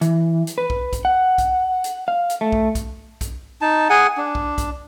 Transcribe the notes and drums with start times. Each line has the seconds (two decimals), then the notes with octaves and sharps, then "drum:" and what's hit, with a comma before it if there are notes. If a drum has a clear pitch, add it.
0.01 E3, drum: hi-hat
0.47 drum: hi-hat
0.58 B4
0.70 drum: kick
0.93 drum: kick, hi-hat
1.05 F#5
1.38 drum: kick, hi-hat
1.84 drum: hi-hat
2.08 F5
2.30 drum: hi-hat
2.41 A3
2.52 drum: kick
2.75 drum: kick, hi-hat
3.21 drum: kick, hi-hat
3.61 D#4 A5
3.90 G#4 F#5 G#5
4.17 D4
4.35 drum: kick
4.58 drum: kick, hi-hat